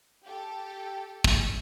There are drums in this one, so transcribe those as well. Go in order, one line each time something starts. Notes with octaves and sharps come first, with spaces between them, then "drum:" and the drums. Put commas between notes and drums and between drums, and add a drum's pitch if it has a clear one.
G4 A4
drum: kick